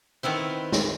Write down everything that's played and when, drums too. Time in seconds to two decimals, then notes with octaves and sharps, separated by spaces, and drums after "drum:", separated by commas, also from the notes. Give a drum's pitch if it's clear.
0.23 D#3 B3 C4 E4 C5
0.72 drum: snare